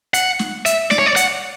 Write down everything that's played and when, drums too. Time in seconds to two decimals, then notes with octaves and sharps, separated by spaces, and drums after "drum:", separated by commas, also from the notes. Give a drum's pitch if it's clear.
0.14 F#5, drum: hi-hat
0.39 drum: snare
0.66 E5, drum: hi-hat
0.91 D5, drum: snare
0.99 C#5
1.06 D5
1.16 F#5, drum: hi-hat